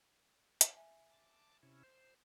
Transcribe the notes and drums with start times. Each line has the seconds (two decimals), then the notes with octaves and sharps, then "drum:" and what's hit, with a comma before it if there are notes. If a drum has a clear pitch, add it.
0.61 drum: hi-hat
0.76 E5 G#5
1.11 A5 D6
1.63 C3 C#4 E4
1.83 C5